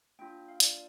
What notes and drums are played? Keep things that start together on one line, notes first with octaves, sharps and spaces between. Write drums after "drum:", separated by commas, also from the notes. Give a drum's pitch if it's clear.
A#3 D4 F4 G5
F5
D5, drum: hi-hat